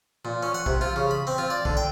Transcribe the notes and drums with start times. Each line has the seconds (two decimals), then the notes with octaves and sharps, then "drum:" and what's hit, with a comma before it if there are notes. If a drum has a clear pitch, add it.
0.25 A#2
0.43 C#4
0.54 F#5
0.66 C3, drum: kick
0.81 F4
0.96 C#3
1.11 B5
1.27 C4
1.38 F4
1.50 D5
1.65 D3, drum: kick
1.77 G5